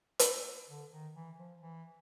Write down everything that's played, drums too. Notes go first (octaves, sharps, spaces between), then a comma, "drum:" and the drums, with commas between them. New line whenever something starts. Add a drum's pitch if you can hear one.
drum: hi-hat
D3
D#3
E3
F3
E3